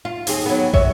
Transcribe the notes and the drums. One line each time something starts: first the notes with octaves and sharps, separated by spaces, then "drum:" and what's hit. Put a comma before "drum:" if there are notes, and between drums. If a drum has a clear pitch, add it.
F4
D#2 C4 G#4, drum: open hi-hat
F#3 B3
C#5 E5, drum: kick